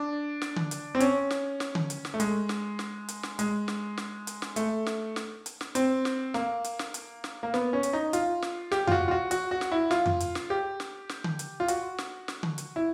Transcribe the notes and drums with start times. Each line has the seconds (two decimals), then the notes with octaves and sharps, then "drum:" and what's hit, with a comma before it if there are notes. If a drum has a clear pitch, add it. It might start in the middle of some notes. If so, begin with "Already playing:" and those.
Already playing: D4
0.42 drum: snare
0.56 drum: tom D3
0.71 drum: hi-hat
0.95 C4
1.00 C#4, drum: hi-hat
1.31 drum: snare
1.60 drum: snare
1.75 drum: tom D3
1.90 drum: hi-hat
2.05 drum: snare
2.14 A3
2.20 G#3, drum: hi-hat
2.49 drum: snare
2.79 drum: snare
3.08 drum: hi-hat
3.23 drum: snare
3.39 G#3, drum: hi-hat
3.68 drum: snare
3.97 drum: snare
4.27 drum: hi-hat
4.42 drum: snare
4.56 A3, drum: hi-hat
4.86 drum: snare
5.16 drum: snare
5.46 drum: hi-hat
5.61 drum: snare
5.75 C4, drum: hi-hat
6.05 drum: snare
6.34 A#3, drum: snare
6.64 drum: hi-hat
6.79 drum: snare
6.94 drum: hi-hat
7.24 drum: snare
7.43 A#3
7.54 B3, drum: snare
7.73 C#4
7.83 drum: hi-hat
7.93 D#4
8.13 F4, drum: hi-hat
8.42 drum: snare
8.72 G4, drum: snare
8.87 F4, drum: tom F2
8.92 F#4
9.08 F4
9.11 F#4
9.31 F#4, drum: hi-hat
9.51 F#4
9.61 drum: snare
9.72 E4
9.91 F4, drum: snare
10.06 drum: tom F2
10.20 drum: hi-hat
10.35 drum: snare
10.50 G4
10.80 drum: snare
11.09 drum: snare
11.24 drum: tom D3
11.39 drum: hi-hat
11.60 F4
11.68 F#4, drum: hi-hat
11.98 drum: snare
12.28 drum: snare
12.43 drum: tom D3
12.58 drum: hi-hat
12.76 E4